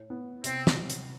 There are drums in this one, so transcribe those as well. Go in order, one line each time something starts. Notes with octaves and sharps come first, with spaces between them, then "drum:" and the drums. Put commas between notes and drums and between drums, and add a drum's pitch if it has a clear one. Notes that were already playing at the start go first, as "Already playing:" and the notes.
Already playing: A2
B3
C3 C4, drum: hi-hat
drum: snare
C3
drum: hi-hat